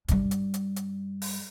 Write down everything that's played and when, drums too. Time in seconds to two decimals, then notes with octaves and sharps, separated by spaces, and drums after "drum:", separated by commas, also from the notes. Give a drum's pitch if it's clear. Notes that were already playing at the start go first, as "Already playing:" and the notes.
0.08 G2 G3, drum: kick G1, hi-hat
0.31 drum: hi-hat
0.54 drum: hi-hat
0.76 drum: hi-hat
1.22 drum: open hi-hat